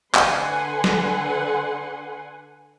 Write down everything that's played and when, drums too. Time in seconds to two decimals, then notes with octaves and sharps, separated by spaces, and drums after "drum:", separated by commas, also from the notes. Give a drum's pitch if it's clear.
0.15 D3 B4 F#5 G#5 C6, drum: clap
0.84 drum: snare